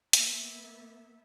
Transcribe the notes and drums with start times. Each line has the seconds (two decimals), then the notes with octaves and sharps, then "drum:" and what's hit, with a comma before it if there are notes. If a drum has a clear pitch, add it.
0.13 A#3 B3 E5, drum: hi-hat